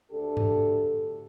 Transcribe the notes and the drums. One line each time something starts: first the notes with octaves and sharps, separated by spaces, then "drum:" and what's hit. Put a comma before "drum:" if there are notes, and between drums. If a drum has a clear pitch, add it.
D2 D4 G4 A4
drum: tom G#2